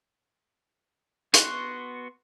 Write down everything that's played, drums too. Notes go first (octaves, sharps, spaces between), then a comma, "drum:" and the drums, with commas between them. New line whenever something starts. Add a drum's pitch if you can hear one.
B3 F#4 C6 C#6 F#6, drum: hi-hat